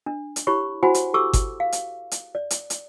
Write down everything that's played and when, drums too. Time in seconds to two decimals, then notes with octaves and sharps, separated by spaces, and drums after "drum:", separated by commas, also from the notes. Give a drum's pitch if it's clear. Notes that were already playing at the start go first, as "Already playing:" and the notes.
0.06 D4
0.36 drum: hi-hat
0.47 E4 G4 C#5 B5 C#6
0.83 E4 F#4 C5 F#5 G#5 B5
0.94 drum: hi-hat
1.14 G4 A4 C#6 D6 E6
1.33 drum: kick G1, hi-hat
1.60 F5
1.72 drum: hi-hat
2.11 drum: hi-hat
2.35 D5
2.50 drum: hi-hat
2.70 drum: hi-hat